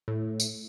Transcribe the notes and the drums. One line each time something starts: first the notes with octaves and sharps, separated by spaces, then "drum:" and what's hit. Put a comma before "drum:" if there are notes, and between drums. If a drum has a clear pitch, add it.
A2
drum: tambourine